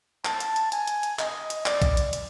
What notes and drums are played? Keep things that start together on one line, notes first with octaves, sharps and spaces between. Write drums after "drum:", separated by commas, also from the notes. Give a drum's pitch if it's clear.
A5, drum: clap
drum: hi-hat
drum: hi-hat
G#5, drum: hi-hat
drum: hi-hat
drum: hi-hat
D#5, drum: clap
drum: hi-hat
D5, drum: clap
drum: kick, hi-hat
drum: hi-hat
drum: hi-hat